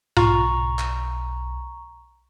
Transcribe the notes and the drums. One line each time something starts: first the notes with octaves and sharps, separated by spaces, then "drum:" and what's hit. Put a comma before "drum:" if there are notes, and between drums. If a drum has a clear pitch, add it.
B1 F4 A#5 C#6, drum: tom G#2
drum: clap